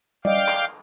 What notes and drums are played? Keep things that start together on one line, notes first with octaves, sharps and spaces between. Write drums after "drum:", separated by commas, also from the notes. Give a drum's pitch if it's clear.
D5 D#5 F5 G5 D6, drum: tom G3
drum: clap